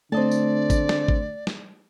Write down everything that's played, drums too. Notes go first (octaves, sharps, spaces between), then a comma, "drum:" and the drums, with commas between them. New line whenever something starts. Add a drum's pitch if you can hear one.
D3 A3 C4 D5 D#5 A5
drum: tambourine
drum: kick G#1, tambourine
drum: snare
drum: kick G#1
drum: snare